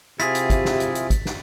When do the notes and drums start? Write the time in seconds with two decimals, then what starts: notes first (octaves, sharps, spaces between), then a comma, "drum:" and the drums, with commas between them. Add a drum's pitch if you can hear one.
0.20 C3 E4 F4 G4 G#4 A6 B6, drum: hi-hat
0.35 drum: hi-hat
0.50 drum: kick, hi-hat
0.65 drum: snare
0.80 drum: hi-hat
0.95 drum: hi-hat
1.10 drum: kick, hi-hat
1.25 drum: snare